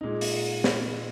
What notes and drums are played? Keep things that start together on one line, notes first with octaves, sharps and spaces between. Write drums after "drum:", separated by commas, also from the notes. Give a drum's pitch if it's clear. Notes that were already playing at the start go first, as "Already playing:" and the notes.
A#2 G#3 D#4
drum: open hi-hat
drum: snare